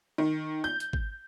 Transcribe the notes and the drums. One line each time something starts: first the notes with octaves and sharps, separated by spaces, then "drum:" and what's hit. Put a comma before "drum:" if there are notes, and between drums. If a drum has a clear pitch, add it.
D#3
G6
drum: hi-hat
drum: kick G#1